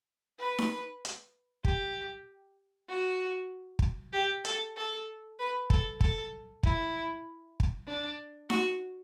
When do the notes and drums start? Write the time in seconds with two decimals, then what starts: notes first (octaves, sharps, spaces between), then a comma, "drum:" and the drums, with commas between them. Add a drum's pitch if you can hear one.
0.39 B4
0.58 drum: snare D#4
1.05 drum: hi-hat
1.65 G4, drum: kick
2.89 F#4
3.79 drum: kick
4.13 G4
4.45 A4, drum: hi-hat
4.77 A4
5.39 B4
5.70 A4, drum: kick
6.01 A4, drum: kick
6.63 E4, drum: kick
7.60 drum: kick
7.88 D4
8.50 F#4, drum: snare D#4